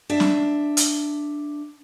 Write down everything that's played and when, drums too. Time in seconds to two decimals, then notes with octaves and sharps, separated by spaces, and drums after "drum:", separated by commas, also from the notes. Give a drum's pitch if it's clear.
0.10 D4 E5
0.20 drum: snare
0.77 drum: hi-hat